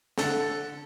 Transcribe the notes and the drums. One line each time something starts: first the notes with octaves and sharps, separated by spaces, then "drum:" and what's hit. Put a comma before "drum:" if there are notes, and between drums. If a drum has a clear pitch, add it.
D3 A4, drum: snare